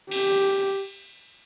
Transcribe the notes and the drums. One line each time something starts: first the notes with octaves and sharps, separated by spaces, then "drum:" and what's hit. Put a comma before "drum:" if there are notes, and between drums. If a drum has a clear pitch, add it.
G4, drum: cymbal